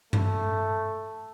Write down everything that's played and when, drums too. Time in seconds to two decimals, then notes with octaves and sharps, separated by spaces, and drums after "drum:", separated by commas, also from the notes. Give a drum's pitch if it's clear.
0.13 A3, drum: tom G2